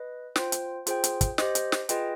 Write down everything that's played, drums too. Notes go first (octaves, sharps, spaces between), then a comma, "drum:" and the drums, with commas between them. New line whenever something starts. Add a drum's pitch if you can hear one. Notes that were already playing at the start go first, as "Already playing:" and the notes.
Already playing: B4 D#5
F4 C5 G5, drum: snare
drum: hi-hat
F4 G#4 C5 G5, drum: hi-hat
drum: hi-hat
drum: kick, hi-hat
G4 C5 D#5, drum: snare
drum: hi-hat
drum: snare
F4 G#4 B4 D#5 G5, drum: hi-hat